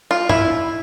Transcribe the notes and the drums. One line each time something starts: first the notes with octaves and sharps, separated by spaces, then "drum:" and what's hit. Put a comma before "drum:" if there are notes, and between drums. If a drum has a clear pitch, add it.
F4
E4, drum: tom